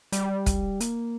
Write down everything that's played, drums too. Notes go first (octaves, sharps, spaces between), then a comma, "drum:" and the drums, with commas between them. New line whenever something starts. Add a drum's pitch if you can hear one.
G3, drum: hi-hat
drum: kick, hi-hat
A#3, drum: hi-hat